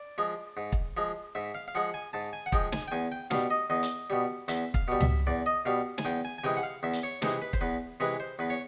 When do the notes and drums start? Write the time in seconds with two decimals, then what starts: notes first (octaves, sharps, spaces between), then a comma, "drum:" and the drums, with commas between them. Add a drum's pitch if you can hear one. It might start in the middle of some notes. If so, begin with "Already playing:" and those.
Already playing: D5
0.18 F3 G#3
0.57 G#2
0.72 drum: kick
0.97 F3 G#3
1.35 G#2 E5
1.55 F5
1.68 F5
1.75 F3 G#3 F#5
1.94 G#5
2.13 G#2 A5
2.33 G#5
2.46 F#5
2.52 F3 G#3 G5, drum: kick
2.72 G#5, drum: snare
2.88 G5
2.91 E2 G#5
3.12 G5
3.31 B2 G3 F5, drum: snare
3.50 D#5
3.70 E2 D#5
3.83 drum: hi-hat
4.10 B2 G3
4.48 E2 E5, drum: hi-hat
4.74 F5, drum: kick
4.88 B2 G3
5.00 E5, drum: tom C#2
5.27 E2 D5
5.46 D#5
5.65 B2 G3 F5
5.98 G#5, drum: snare
6.05 E2 G5
6.25 G#5
6.38 G#5
6.44 C3 E3 G#3 G5
6.57 F#5
6.63 F5
6.83 E2 E5
6.93 drum: hi-hat
7.03 C#5
7.22 C3 E3 G#3 C5, drum: snare
7.41 B4
7.53 C5, drum: kick
7.61 E2 B4
8.00 C3 E3 G#3 B4
8.20 C5
8.39 E2 B4
8.50 C#5